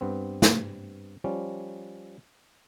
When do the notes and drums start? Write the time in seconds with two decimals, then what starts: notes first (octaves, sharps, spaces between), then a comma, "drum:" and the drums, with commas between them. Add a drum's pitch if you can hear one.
0.01 G2 B3 C4
0.42 drum: snare
1.24 F3 G3 C#4